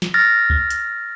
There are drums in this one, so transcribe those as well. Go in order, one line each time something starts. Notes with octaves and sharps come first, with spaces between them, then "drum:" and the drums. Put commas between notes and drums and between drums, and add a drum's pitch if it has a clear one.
drum: snare
F6 A6 A#6
drum: kick C#2
drum: hi-hat